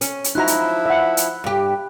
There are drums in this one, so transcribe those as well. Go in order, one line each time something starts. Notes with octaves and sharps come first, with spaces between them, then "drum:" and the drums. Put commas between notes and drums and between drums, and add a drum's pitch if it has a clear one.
C#4, drum: hi-hat
drum: hi-hat
F3 D#4 E4 F#4 A#5 B5 F#6
drum: hi-hat
E5 F#5
drum: hi-hat
G2 G4